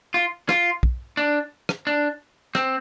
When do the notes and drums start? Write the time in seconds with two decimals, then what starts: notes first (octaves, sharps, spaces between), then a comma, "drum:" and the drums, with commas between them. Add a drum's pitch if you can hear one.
0.14 F4
0.49 F4, drum: rim click
0.83 drum: kick
1.17 D4
1.69 drum: rim click
1.87 D4
2.55 C4, drum: rim click